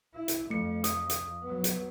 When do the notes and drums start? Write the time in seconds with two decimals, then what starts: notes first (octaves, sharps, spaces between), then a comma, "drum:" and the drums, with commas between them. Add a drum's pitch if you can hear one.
0.14 E4
0.28 drum: hi-hat
0.50 F2 F3 A3 C#7
0.84 D#6, drum: hi-hat
1.10 drum: hi-hat
1.43 F#3 B3
1.64 drum: hi-hat